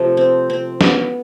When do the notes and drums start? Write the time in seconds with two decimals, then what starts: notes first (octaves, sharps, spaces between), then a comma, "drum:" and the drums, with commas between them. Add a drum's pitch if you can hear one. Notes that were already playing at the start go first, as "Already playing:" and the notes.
Already playing: C3 F3 A3
0.17 C4
0.50 C4
0.81 B3, drum: snare